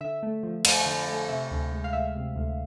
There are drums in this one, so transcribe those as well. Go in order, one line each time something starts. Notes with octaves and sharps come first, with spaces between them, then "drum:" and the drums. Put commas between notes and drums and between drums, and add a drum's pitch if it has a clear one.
D3 E5
A3
F3
F2, drum: cymbal
D3
A3
C3 E5
D2
G#3
F5
D2 E5
C3
D2